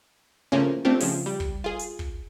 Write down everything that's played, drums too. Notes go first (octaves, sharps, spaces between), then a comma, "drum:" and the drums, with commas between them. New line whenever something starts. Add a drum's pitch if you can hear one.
A2 C#3 F3 A#3 C#4
A3 C4 D4 F4 G4
C#3 F3, drum: open hi-hat
G3
drum: kick
F4 G#4
drum: hi-hat
drum: kick